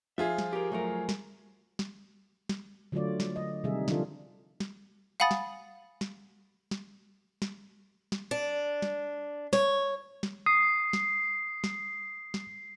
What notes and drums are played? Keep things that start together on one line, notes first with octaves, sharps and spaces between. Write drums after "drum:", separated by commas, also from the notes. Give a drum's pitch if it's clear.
F3 F4 G#4 E5
drum: snare
G4 A#4
F#3 A3 A#4
drum: snare
drum: snare
drum: snare
D3 F#3 A3 F4 C#5 D5
drum: snare
D#5
C3 D#3 G3 D#4 G#4 E5
D3 F3 G3 D4 F4 A4, drum: snare
drum: snare
F5 F#5 G#5 B5 D#6 A6
drum: snare
drum: snare
drum: snare
drum: snare
drum: snare
D4
drum: snare
C#5, drum: snare
drum: snare
D#6 C7
drum: snare
drum: snare
drum: snare